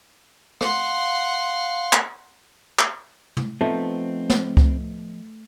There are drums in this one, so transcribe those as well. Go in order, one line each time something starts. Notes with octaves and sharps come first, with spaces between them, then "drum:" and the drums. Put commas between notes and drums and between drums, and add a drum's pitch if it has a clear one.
F5 F#5 C6, drum: rim click
drum: clap
drum: clap
drum: tom
F3 A3 B3 C4 D#4
drum: snare
drum: kick C#2